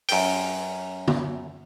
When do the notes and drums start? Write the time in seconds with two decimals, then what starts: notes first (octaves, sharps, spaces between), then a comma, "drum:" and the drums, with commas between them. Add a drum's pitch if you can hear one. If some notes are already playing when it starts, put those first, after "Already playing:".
0.09 F#2 G5, drum: open hi-hat
1.08 drum: tom D3